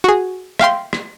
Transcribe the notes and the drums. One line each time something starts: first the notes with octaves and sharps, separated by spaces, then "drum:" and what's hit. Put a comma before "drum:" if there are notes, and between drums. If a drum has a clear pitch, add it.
F#4 G#4
E5 F5 G5 C6, drum: rim click
drum: rim click